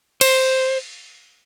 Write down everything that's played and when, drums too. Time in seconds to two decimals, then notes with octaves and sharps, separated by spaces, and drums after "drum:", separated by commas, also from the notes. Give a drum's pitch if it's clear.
0.21 C5, drum: cymbal